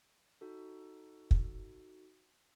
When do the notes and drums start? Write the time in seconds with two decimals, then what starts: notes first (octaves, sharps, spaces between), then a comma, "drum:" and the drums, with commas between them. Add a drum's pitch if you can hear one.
0.41 D#4 F#4 A4
1.31 drum: kick